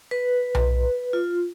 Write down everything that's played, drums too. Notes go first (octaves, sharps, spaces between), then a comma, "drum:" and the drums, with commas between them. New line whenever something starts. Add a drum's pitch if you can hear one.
B4
drum: tom B1
F4